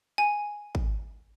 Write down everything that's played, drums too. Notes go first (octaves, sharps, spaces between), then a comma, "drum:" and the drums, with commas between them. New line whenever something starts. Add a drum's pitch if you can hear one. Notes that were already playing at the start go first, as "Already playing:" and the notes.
G#5
drum: kick G#1